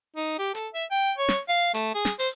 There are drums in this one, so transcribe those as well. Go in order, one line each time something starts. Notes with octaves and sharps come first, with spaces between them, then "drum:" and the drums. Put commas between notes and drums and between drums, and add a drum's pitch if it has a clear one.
D#4
G4
A4, drum: hi-hat
E5
G5
C#5
drum: snare
F5
A3, drum: hi-hat
G#4
drum: snare
C5, drum: open hi-hat